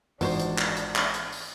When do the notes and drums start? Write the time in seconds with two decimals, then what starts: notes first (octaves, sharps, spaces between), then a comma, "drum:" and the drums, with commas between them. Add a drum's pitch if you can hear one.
0.21 G#1 E3 F3 D4 F#4 C5, drum: open hi-hat
0.40 drum: hi-hat
0.58 drum: clap
0.77 drum: hi-hat
0.95 drum: clap
1.14 drum: hi-hat
1.33 drum: open hi-hat